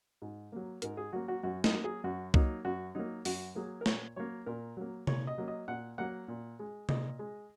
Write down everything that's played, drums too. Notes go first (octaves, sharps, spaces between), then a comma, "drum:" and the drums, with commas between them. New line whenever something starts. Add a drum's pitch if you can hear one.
G#2
F#3 A#3
G#2 A#4, drum: hi-hat
G#4
F#3 A#3 F#4
F#4
F#2 F#4
D#4, drum: snare
F#3 A#3
G#4
F#2 F#4
F#3 A#3 D#4, drum: kick C2
F#2 F#4
F#3 A#3 D#4
F#2 F#4, drum: open hi-hat
F#3 A#3 G#4
A#4
A#2 C#5, drum: snare
F#3 A#3 C#5
A#2 A#4
F#3 A#3
A#2 C#5, drum: tom C3
D#5
F#3 A#3
D#5
A#2 F#5
F#3 A#3 F#5
A#2
G#3
A#2 D#5, drum: tom C3
G#3